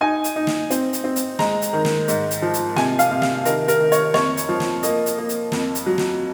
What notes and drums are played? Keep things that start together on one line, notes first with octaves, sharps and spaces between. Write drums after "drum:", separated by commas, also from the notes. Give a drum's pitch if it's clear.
D#4 G#5
drum: hi-hat
D#4
drum: snare
C4, drum: hi-hat
drum: hi-hat
C4
drum: hi-hat
G#3 A#5, drum: snare
drum: hi-hat
D#3
drum: snare
G#2, drum: hi-hat
drum: hi-hat
F3
drum: hi-hat
C3 G#5, drum: snare
F5, drum: hi-hat
C3
F5, drum: snare
D#3 A#4, drum: hi-hat
A#4, drum: hi-hat
D#3
C#5, drum: hi-hat
F2 C#5, drum: snare
drum: hi-hat
F3
drum: snare
A#3 D#5, drum: hi-hat
drum: hi-hat
A#3
drum: hi-hat
F2, drum: snare
drum: hi-hat
F#3
drum: snare